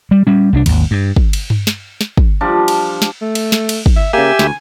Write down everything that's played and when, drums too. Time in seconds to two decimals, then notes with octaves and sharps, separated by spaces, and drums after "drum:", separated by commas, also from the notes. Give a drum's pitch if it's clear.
0.11 G3
0.27 G3 C#4
0.53 C2 G#3 D4
0.66 G#1 D#2, drum: cymbal
0.91 G2
1.16 drum: kick
1.33 drum: cymbal
1.50 drum: tom G2
1.67 drum: snare
2.01 drum: snare
2.17 drum: kick
2.41 F3 G3 D4
2.68 drum: cymbal
3.02 drum: snare
3.21 A3
3.35 drum: cymbal
3.52 drum: snare
3.69 drum: cymbal
3.86 drum: kick
3.96 E5
4.13 C#3 A#3 G4 E5 G#5
4.39 D2, drum: snare